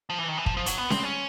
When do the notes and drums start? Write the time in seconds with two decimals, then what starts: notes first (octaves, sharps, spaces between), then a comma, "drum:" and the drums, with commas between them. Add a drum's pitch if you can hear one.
0.10 F3
0.18 E3
0.28 D#3
0.38 E3
0.46 F3, drum: kick
0.57 F3
0.66 F#3, drum: hi-hat
0.78 B3
0.90 C4, drum: snare C#4
1.04 C#4